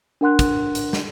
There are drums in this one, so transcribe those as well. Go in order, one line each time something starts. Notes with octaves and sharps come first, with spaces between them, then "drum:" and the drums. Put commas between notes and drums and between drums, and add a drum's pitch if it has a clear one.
D4 A#4 F#5 C6 F#6
drum: kick, hi-hat
drum: hi-hat
drum: snare